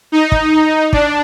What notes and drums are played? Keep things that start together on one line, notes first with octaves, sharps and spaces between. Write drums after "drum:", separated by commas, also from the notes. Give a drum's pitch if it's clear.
D#4
drum: kick
D4, drum: kick